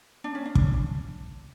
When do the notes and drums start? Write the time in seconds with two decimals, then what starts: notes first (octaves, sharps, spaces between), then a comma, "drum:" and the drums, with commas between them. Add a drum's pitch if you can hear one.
0.24 D4
0.35 C#4
0.45 D4
0.55 drum: kick